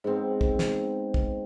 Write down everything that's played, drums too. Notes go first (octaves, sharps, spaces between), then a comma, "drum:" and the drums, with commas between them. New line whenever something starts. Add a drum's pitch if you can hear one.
G#2 B3 C4
drum: kick
drum: snare
drum: kick